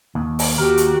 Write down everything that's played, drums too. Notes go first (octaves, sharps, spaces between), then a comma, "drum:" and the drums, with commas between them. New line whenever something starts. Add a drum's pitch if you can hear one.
D#2
drum: open hi-hat
D#2 F#4 G4 A#4
drum: hi-hat